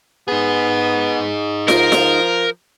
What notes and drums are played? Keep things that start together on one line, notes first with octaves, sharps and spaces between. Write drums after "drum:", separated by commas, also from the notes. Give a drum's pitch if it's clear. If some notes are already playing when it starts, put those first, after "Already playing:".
B3 D#4 G#4
F3 A#4, drum: snare F4
drum: snare F4